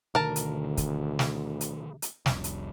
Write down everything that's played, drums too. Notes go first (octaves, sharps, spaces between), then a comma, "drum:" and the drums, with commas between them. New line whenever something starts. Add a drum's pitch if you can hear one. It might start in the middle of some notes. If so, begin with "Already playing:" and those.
D2 B2 D3 D#3 A#4 A5
drum: hi-hat
drum: kick, hi-hat
drum: snare
drum: hi-hat
drum: hi-hat
F1 C2, drum: snare
drum: hi-hat